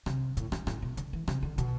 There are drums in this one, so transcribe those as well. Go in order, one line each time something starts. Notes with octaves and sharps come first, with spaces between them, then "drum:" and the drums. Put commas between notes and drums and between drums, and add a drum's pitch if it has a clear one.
C3, drum: rim click
A2, drum: hi-hat
G2, drum: rim click
A2, drum: rim click
B2
D3, drum: hi-hat
E3
C3, drum: rim click
D3
B2, drum: hi-hat